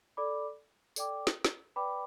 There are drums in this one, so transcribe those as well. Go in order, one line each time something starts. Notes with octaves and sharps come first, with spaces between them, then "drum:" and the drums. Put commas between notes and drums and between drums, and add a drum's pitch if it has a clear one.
A4 D5 B5 D6
A4 D5 G5 D6, drum: tambourine
drum: snare
drum: snare
B4 D5 G5 B5 D6